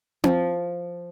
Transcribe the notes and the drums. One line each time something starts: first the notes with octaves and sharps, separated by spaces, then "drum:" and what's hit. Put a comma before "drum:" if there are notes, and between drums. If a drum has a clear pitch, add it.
F3, drum: tom C4